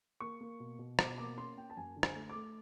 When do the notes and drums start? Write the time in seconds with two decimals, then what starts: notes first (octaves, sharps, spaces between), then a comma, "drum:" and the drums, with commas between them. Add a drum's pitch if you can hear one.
0.20 A#3 C#6
0.41 A#3
0.60 B2
0.79 B2
0.99 B2 D6, drum: rim click
1.18 A#3 D6
1.37 C#4 C6
1.57 A#3 G5
1.70 A5
1.77 F#2 G#5
1.96 D3
2.03 G#5, drum: rim click
2.16 A3
2.30 D6
2.35 A3